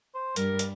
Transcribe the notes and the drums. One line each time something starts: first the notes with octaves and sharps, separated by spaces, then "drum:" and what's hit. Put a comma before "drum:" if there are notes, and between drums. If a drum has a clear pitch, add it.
C5
G2 G3 A#4, drum: hi-hat
drum: hi-hat